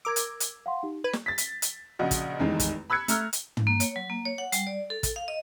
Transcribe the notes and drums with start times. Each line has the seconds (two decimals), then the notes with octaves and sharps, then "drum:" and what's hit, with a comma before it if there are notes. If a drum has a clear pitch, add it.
0.05 A#4 D6 E6 G#6
0.16 drum: hi-hat
0.40 drum: hi-hat
0.66 F5 F#5 C6
0.83 D#4 G4
1.04 B4 G#6
1.13 drum: snare
1.26 A6 B6
1.38 drum: hi-hat
1.62 drum: hi-hat
1.99 A#1 C#3 F#4 D#5
2.11 drum: kick, hi-hat
2.39 F1 E2 D#3 G#3 D#4
2.60 drum: kick, hi-hat
2.90 B5 E6 F#6 G#6 C#7
3.08 A3 A#5 F6, drum: hi-hat
3.33 drum: hi-hat
3.57 drum: tom
3.67 A#3
3.80 C#5, drum: hi-hat
3.96 F#3
4.10 A#3
4.25 C#5
4.38 F#5
4.52 G3, drum: hi-hat
4.67 D5
4.90 A4
5.03 drum: kick, hi-hat
5.16 F5
5.28 D#5